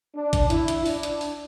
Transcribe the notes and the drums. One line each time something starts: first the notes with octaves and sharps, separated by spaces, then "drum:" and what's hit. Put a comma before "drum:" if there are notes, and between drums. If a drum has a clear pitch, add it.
D4
drum: kick A1, hi-hat
E4, drum: hi-hat
drum: hi-hat
D4, drum: open hi-hat
drum: hi-hat
drum: open hi-hat